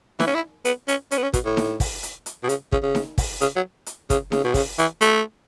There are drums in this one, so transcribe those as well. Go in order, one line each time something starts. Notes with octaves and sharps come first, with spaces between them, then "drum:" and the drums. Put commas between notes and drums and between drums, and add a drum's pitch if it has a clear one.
E3, drum: snare D#4
C#4
E4
B3, drum: hi-hat
C#4, drum: hi-hat
C#4, drum: hi-hat
B3
C#4
B2, drum: kick, hi-hat
A2
drum: snare D#4
drum: kick, open hi-hat
drum: hi-hat
drum: hi-hat
B2
C#3, drum: hi-hat
C#3, drum: kick
C#3
drum: snare D#4
drum: kick, open hi-hat
C#3, drum: hi-hat
F#3
drum: hi-hat
C#3, drum: kick, hi-hat
C#3, drum: snare D#4
B2
C#3, drum: kick, open hi-hat
E3, drum: hi-hat
A3, drum: hi-hat